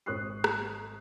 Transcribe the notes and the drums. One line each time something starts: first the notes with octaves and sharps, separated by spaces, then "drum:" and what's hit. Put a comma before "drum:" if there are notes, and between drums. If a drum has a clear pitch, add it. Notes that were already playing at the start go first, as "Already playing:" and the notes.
G#1 C5 C#6 D#6 F#6 C7
drum: rim click